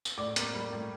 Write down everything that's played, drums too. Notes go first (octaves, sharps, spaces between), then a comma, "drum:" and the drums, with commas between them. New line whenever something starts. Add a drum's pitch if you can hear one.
drum: tambourine
A2 D5 D6
A#3, drum: hi-hat
G3
A2